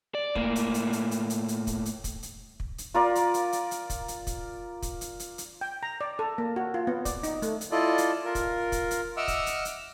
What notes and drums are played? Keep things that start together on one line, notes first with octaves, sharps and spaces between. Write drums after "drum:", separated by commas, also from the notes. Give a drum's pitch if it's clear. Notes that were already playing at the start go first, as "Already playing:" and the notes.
D5
A2 A#3, drum: kick
drum: hi-hat
drum: hi-hat
drum: hi-hat
drum: hi-hat
drum: hi-hat
drum: hi-hat
drum: kick, hi-hat
drum: hi-hat
drum: kick, hi-hat
drum: hi-hat
drum: kick
drum: hi-hat
F4 A#4 D5
drum: hi-hat
drum: hi-hat
drum: hi-hat
drum: hi-hat
drum: kick, hi-hat
drum: hi-hat
drum: kick, hi-hat
drum: kick, hi-hat
drum: hi-hat
drum: hi-hat
drum: hi-hat
G5
A#5
D5
A4
A#3
F#4
F4
B3
D5, drum: kick, hi-hat
D#4, drum: hi-hat
A3, drum: hi-hat
drum: hi-hat
E4 F4 A4 D5 D#5
drum: hi-hat
F4 A#4
drum: kick, hi-hat
drum: kick, hi-hat
drum: hi-hat
D#5 E5 F#5 D6 E6 F6
drum: kick, hi-hat
drum: hi-hat
drum: hi-hat